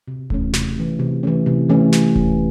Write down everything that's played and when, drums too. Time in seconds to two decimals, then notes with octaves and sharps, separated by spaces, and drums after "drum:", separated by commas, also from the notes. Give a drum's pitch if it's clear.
0.08 C3
0.30 E3 A3 C#4, drum: kick D#1
0.53 C3, drum: snare
0.77 E3 A3 C#4
0.99 C3
1.23 E3 A3 C#4
1.46 C3
1.69 E3 A3 C#4
1.92 drum: snare
2.16 drum: kick D#1